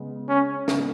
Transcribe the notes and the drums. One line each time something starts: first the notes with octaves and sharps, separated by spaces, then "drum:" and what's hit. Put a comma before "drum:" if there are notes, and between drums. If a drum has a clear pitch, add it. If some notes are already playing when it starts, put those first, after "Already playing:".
Already playing: C#3 G#3 B3
C#4
C#3 G#3 B3, drum: snare